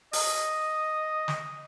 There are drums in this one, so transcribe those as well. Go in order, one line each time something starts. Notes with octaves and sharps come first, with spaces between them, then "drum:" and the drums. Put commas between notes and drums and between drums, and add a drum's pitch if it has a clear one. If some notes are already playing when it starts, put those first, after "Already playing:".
D#5, drum: open hi-hat
drum: snare